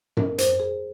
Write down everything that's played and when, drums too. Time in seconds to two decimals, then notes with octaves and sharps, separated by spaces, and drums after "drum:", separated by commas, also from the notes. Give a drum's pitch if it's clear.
0.17 A#4, drum: tom F#2
0.38 C5, drum: hi-hat
0.60 G#4